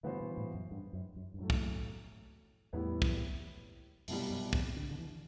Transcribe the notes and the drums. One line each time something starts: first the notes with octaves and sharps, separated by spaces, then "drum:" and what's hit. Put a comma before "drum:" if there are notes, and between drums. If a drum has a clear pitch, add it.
G2 D3 E3 B3 F#4 C5
B2
A2
F#2
G2
F#2
F#2
G2
F#2 A2 F#3 A3
drum: kick
E2 A2 G3 B3 E4
drum: kick
C2 F#2 B2 G3, drum: open hi-hat
F#2
E2, drum: kick
D3
D3
E3